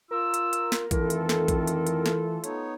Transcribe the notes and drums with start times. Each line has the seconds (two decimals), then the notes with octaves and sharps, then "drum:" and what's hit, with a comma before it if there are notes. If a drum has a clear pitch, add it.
0.11 F4 A#4 E6
0.34 drum: hi-hat
0.53 drum: hi-hat
0.72 drum: snare
0.91 F2 D#3 E3 A3 F4 A4 A#4, drum: kick, hi-hat
1.10 drum: hi-hat
1.29 drum: snare
1.48 drum: kick, hi-hat
1.67 drum: hi-hat
1.87 drum: hi-hat
2.06 drum: snare
2.44 B3 D#4 C#5, drum: hi-hat